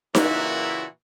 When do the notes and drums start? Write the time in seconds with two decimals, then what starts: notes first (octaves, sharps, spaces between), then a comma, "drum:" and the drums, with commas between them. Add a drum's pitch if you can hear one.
0.15 A#2 C#3 E3 A#3 E4 F#4, drum: snare D#4